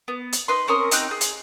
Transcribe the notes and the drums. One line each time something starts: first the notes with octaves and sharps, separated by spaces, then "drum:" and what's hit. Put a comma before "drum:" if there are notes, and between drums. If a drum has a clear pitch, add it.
B3
drum: hi-hat
D#4 B4 C6
C4 C#4 A#4 D#6
C4 D#4 G4 F#6, drum: hi-hat
G#4
drum: hi-hat